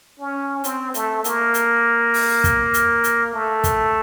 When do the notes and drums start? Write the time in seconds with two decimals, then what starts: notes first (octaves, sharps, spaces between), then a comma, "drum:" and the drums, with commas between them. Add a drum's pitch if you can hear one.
0.19 C#4
0.64 C4, drum: hi-hat
0.94 A3, drum: hi-hat
1.24 A#3, drum: hi-hat
1.54 drum: hi-hat
2.14 drum: open hi-hat
2.44 drum: kick, hi-hat
2.74 drum: hi-hat
3.04 drum: hi-hat
3.34 A3
3.64 drum: kick, hi-hat